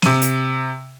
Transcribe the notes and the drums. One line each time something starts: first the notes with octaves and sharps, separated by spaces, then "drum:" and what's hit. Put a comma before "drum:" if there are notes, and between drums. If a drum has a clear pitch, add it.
C3 D#7, drum: snare
drum: hi-hat